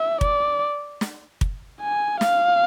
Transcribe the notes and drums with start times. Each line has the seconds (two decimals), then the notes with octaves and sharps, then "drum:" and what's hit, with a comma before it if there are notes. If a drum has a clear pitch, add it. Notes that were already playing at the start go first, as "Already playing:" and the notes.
Already playing: E5
0.21 D5, drum: kick
1.01 drum: snare
1.41 drum: kick
1.81 G#5
2.21 F5, drum: snare